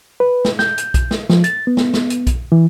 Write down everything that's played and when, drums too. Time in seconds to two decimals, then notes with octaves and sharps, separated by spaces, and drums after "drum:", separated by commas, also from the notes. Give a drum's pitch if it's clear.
0.20 B4
0.45 drum: snare
0.59 G6, drum: snare
0.78 drum: hi-hat
0.94 drum: kick B1, hi-hat
1.11 drum: snare
1.30 F3, drum: snare
1.44 A6, drum: hi-hat
1.67 B3
1.77 drum: snare
1.94 drum: snare
2.10 drum: hi-hat
2.27 drum: kick B1, hi-hat
2.52 E3